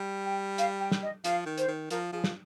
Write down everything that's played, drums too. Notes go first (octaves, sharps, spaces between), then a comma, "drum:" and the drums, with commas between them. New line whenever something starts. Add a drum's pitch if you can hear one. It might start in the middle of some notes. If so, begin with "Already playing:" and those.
Already playing: G3
G5
F5, drum: hi-hat
G5
drum: snare
D#5
F3 F5, drum: hi-hat
D#3
C5, drum: hi-hat
D#3
F3 A#4, drum: hi-hat
F3 G#4
drum: snare